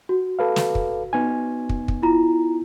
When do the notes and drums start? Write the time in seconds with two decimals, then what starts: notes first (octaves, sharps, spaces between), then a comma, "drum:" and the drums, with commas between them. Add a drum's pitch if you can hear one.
0.09 F#4
0.39 A4 B4 F5
0.56 drum: snare
0.75 drum: kick
1.13 B3 D#4 G#5
1.69 drum: kick
1.88 drum: kick
2.03 E4 F4 A#5